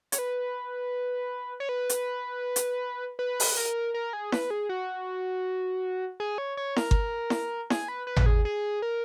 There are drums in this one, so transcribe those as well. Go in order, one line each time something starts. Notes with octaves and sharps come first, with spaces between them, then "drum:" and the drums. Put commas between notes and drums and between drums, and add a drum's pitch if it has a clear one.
C#5, drum: hi-hat
B4
C#5
B4
drum: hi-hat
drum: hi-hat
B4
drum: open hi-hat
A#4
A#4
G#4
B4, drum: snare E4
G#4
F#4
G#4
C#5
C#5
A#4, drum: snare E4
drum: kick G1
drum: snare E4
G#4, drum: snare E4
B4
B4
drum: tom G#1
G#4
G#4
A#4